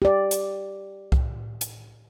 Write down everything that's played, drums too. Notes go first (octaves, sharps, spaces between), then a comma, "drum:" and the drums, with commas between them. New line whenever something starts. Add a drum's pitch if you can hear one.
G4 D5
drum: hi-hat
drum: kick C2
drum: hi-hat